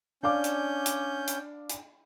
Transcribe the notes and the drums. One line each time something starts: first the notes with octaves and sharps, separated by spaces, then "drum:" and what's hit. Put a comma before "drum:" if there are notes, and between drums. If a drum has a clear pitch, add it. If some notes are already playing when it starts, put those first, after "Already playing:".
C#4 D4 F5 D6 G6
drum: hi-hat
drum: hi-hat
drum: hi-hat
drum: hi-hat